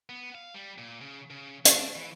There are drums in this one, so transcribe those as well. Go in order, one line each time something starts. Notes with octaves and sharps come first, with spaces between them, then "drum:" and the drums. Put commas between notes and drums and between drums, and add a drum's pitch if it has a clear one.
B3
F5
G3
A#2
C#3
C#3
D4, drum: hi-hat
E3